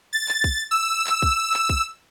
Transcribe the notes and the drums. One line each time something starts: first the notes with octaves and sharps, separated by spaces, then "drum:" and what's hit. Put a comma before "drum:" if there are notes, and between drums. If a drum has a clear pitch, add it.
A6
drum: clap
drum: kick
E6
drum: clap
drum: kick
drum: clap
drum: kick